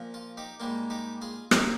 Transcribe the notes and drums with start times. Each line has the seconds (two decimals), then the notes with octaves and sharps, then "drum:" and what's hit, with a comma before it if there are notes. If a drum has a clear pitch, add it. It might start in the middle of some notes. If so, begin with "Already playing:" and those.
Already playing: A#2 F3 A#3
0.14 F4
0.37 D#4 G4
0.60 G#2 G3 A#3 F4
0.90 D#4 G4
1.22 F4 G#4
1.51 F3 A#3 D#4 G4, drum: rim click